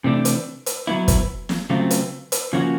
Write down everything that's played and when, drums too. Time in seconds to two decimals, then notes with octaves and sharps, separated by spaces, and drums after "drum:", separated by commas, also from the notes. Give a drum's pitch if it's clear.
0.04 C3 E3 A3 D4
0.25 drum: hi-hat
0.66 drum: hi-hat
0.87 F#3 B3 E4
1.08 drum: kick, hi-hat
1.49 drum: snare
1.70 C#3 F#3 A3 C4 F4
1.91 drum: hi-hat
2.32 drum: hi-hat
2.53 C#3 F3 A#3 C#4 F#4